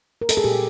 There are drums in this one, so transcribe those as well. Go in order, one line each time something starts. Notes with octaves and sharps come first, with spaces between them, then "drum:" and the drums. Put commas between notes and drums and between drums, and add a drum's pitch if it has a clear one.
A#4
A4, drum: hi-hat
G#4
A#2 G4